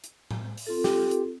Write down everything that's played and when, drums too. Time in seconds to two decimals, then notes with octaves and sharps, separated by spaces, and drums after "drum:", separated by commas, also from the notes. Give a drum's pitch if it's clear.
0.04 drum: hi-hat
0.31 drum: tom A2
0.57 drum: open hi-hat
0.67 C4 F4 A4
0.84 G4, drum: snare
1.11 drum: hi-hat